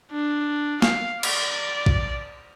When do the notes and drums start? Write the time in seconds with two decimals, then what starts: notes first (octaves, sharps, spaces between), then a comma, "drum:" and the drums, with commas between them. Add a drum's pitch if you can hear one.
0.12 D4
0.82 F5, drum: snare
1.23 D5, drum: cymbal
1.86 drum: kick A#1